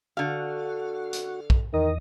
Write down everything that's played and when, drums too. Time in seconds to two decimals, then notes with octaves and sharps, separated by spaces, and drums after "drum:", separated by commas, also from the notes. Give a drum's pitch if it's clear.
0.17 D3 F#4 F5
1.13 drum: hi-hat
1.50 drum: kick
1.74 E2 D#3 D#5